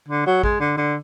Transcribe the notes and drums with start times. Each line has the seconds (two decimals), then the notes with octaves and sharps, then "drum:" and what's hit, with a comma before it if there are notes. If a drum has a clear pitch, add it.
0.08 D3
0.26 F#3
0.43 G#3, drum: kick A1
0.60 D3
0.77 D3